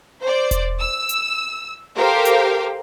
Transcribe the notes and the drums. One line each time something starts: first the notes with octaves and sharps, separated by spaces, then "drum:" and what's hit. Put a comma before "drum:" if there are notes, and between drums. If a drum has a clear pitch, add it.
C5 D5
drum: kick E1, hi-hat
E6
drum: hi-hat
G4 A4 A#4 C5 F5 G5
drum: hi-hat